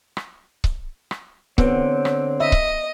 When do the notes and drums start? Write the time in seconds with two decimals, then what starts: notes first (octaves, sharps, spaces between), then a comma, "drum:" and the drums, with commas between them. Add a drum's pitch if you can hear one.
0.17 drum: rim click
0.64 drum: kick C#1
1.11 drum: rim click
1.58 D3 B3 C4 C#5, drum: kick C#1
2.05 drum: rim click
2.40 D#5 E5
2.52 drum: kick C#1